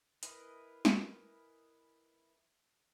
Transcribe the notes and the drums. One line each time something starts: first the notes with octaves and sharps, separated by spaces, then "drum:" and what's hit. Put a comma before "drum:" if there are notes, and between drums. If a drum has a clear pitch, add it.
E4 G#4 A#4 B4 D#5, drum: hi-hat
drum: snare